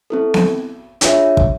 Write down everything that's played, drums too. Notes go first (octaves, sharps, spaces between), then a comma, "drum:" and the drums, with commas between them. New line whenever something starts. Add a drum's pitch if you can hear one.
C4 E4 A4
drum: snare B3
D4 F4 G#4 C#5 E5, drum: hi-hat
drum: kick